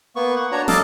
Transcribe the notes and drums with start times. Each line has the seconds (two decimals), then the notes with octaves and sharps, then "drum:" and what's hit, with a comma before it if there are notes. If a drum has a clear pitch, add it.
0.16 A#3 B3 C#6
0.36 F#5
0.52 D4 F#4 C#5 A#5
0.68 A4 D#5 F5 A5 D6, drum: snare